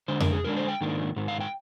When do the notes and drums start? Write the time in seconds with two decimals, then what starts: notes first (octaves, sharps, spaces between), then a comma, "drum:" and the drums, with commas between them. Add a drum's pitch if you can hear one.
0.08 D3 G#3 D4 C5
0.20 A#4, drum: tom F2
0.33 G#4
0.44 D3 G#3 D4 A#4
0.56 C5
0.68 G5
0.81 G#2 D#3 A#3 D4
1.16 G#2 D#3
1.28 F5
1.40 G5